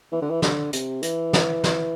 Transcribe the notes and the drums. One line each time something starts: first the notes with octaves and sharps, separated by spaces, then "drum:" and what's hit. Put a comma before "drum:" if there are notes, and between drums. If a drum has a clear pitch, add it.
E3
D3
E3
D3, drum: snare
C3, drum: hi-hat
E3, drum: hi-hat
drum: snare
drum: snare